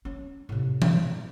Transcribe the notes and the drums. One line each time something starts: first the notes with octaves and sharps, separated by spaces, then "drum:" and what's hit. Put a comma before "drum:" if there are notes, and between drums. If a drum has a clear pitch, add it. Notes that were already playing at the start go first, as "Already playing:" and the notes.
C#4
A2 C3
B2, drum: tom E3